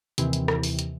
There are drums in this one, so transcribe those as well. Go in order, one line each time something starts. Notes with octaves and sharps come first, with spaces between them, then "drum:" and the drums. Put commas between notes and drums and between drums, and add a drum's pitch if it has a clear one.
D#2 C3 E3, drum: hi-hat
drum: hi-hat
drum: rim click
drum: open hi-hat
drum: hi-hat